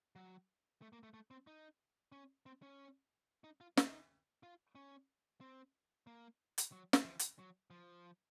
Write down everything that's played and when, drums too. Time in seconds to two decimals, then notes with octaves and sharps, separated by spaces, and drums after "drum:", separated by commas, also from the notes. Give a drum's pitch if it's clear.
0.16 F#3
0.82 A3
0.93 A#3
1.03 A3
1.14 A3
1.31 C4
1.47 D#4
2.12 C#4
2.46 C4
2.62 C#4
3.44 D#4
3.61 F4
3.77 D#4, drum: snare
4.43 F4
4.75 C#4
5.41 C4
6.07 A#3
6.58 drum: hi-hat
6.72 F#3
6.93 drum: snare
7.05 F3
7.19 drum: hi-hat
7.39 F#3
7.70 F3